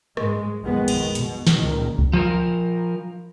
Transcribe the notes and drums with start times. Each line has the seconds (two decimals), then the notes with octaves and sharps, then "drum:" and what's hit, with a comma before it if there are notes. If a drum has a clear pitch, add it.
0.17 G#2 G#3, drum: rim click
0.61 A#1 F2 D#3 G#3 B3
0.88 drum: cymbal
1.15 B2, drum: hi-hat
1.47 drum: snare
1.57 C#2 A#2 D#3
1.98 drum: kick C#2
2.13 F3 A#4